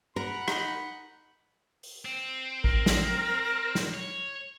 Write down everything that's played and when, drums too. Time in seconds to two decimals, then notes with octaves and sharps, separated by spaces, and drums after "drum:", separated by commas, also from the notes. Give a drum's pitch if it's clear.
0.16 A#4 F#5 B5
0.48 D#4 C6, drum: rim click
1.83 drum: open hi-hat
2.05 C4
2.64 A#4, drum: kick A1
2.86 drum: snare
3.75 drum: snare
3.94 C#5